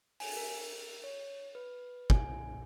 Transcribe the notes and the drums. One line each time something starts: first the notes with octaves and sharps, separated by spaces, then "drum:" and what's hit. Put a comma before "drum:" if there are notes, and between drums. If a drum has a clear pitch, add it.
G#5, drum: open hi-hat
A#4
C#5
B4
G#5, drum: kick